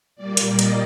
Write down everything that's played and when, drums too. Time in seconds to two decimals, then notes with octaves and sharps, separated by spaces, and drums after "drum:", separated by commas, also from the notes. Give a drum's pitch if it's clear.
0.16 A#2 G3 A#3 D5
0.37 drum: hi-hat
0.49 D#5
0.59 drum: hi-hat